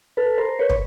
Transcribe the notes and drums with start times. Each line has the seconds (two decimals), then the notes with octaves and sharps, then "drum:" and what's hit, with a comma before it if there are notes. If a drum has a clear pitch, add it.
0.17 A4 B4
0.38 A#4 C5
0.59 B4 C#5
0.69 drum: kick